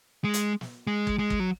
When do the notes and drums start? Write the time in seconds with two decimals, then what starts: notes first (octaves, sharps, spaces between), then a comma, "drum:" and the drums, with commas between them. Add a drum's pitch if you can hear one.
0.24 G#3
0.34 drum: hi-hat
0.61 drum: snare
0.87 G#3
1.07 drum: kick
1.19 G#3
1.30 drum: kick
1.40 F#3